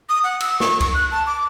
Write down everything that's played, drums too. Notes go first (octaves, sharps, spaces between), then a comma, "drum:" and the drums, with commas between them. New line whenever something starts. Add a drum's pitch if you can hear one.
D#6
F#5
E6, drum: cymbal
C#6, drum: snare
C#6, drum: kick C#2, cymbal
F#6
A5
D6